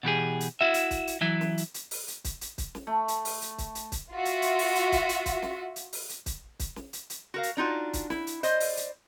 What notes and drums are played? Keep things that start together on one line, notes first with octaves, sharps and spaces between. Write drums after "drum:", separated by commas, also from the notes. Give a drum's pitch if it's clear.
B2 E3 G4 G#4
drum: hi-hat
E4 F#4 E5
drum: hi-hat
drum: kick, hi-hat
drum: hi-hat
E3 F#3 E4
drum: snare
drum: hi-hat
drum: hi-hat
drum: open hi-hat
drum: hi-hat
drum: kick, hi-hat
drum: hi-hat
drum: kick, hi-hat
drum: snare
A3
drum: hi-hat
drum: open hi-hat
drum: hi-hat
drum: kick, hi-hat
drum: hi-hat
drum: kick, hi-hat
F4 F#4 E5
drum: hi-hat
drum: hi-hat
drum: open hi-hat
drum: hi-hat
drum: kick, hi-hat
drum: hi-hat
drum: kick, hi-hat
drum: snare
drum: hi-hat
drum: open hi-hat
drum: hi-hat
drum: kick, hi-hat
drum: kick, hi-hat
drum: snare
drum: hi-hat
drum: hi-hat
F#4 A#4 F5
drum: hi-hat
D4 D#4 F4 F#4
drum: kick, hi-hat
E4, drum: snare
drum: hi-hat
C5 D5 D#5, drum: hi-hat
drum: open hi-hat
drum: hi-hat